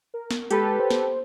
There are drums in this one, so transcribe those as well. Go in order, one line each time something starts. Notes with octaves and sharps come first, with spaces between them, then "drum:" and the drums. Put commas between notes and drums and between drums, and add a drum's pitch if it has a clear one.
A#4
drum: snare
G#3 G4 A4 B4, drum: hi-hat
C5
drum: snare